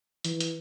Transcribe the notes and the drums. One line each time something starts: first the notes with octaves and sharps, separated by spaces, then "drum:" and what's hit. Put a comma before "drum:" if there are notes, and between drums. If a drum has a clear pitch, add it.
E3, drum: hi-hat
drum: hi-hat